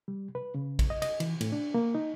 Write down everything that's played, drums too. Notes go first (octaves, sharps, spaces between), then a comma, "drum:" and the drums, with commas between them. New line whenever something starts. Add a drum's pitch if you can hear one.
G3
B4
C#3
drum: kick, cymbal
D#5
D#5, drum: cymbal
E3, drum: cymbal
A2, drum: cymbal
D4
A#3
D#4